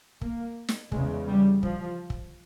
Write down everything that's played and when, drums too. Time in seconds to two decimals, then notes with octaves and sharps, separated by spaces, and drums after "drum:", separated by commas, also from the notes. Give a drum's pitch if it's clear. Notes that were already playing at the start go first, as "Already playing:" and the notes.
0.21 A#3, drum: kick
0.69 drum: snare
0.92 E2 C#3 G#3, drum: kick
1.28 G3
1.63 F3, drum: kick
2.10 drum: kick